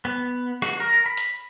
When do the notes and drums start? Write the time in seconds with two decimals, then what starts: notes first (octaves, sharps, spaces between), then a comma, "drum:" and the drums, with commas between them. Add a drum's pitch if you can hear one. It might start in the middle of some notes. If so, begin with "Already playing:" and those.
0.05 B3
0.62 F#4, drum: rim click
0.80 A#4
1.06 B5
1.17 drum: hi-hat